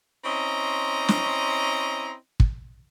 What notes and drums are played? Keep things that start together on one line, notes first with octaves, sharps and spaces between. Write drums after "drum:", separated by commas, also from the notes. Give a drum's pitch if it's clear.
C4 C#4 E4 D#5 A#5 C6
drum: snare
drum: kick